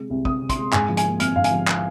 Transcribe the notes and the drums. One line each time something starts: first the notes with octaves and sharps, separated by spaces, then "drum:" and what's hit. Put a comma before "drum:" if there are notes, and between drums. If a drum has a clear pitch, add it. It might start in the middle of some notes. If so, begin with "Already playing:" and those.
Already playing: C3 G#3
C2
C2 D#6, drum: kick
C3
C6, drum: kick, hi-hat
G#3
G#2 G#5, drum: clap
F3
G#5, drum: hi-hat
A#3
G#1 F6, drum: hi-hat
G#2 F5
G#5, drum: hi-hat
F3
drum: clap